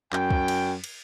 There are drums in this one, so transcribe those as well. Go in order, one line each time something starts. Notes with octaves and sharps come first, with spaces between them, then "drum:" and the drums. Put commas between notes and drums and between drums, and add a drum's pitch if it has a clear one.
F#2 G5, drum: clap
drum: kick
drum: cymbal
drum: cymbal